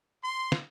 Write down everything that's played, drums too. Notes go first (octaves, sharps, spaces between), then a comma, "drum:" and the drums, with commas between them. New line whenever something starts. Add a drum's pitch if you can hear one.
C6
drum: snare